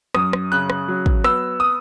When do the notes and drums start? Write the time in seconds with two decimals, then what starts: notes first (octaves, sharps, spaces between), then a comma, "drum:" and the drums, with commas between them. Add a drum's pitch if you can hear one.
0.15 F#2 D#6, drum: rim click
0.33 drum: rim click
0.52 C#3 F#6
0.70 drum: rim click
0.88 F#3
1.06 drum: kick
1.24 B3 E6, drum: rim click
1.60 D#6